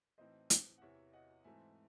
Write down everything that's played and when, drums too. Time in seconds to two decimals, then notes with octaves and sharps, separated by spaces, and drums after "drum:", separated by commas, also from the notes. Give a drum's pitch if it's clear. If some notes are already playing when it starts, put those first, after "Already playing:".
0.18 A2 E3 C4 D#4 C5 D#5
0.50 drum: hi-hat
0.78 F#5
0.82 E2 C3 E3 C#5 E5
1.13 D#5 F#5
1.44 G#2 E3 A3 C4 E5 G#5